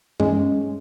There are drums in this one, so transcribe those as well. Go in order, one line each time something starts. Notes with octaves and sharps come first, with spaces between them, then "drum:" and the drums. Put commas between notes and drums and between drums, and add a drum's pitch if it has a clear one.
G#3 C#4, drum: tom G2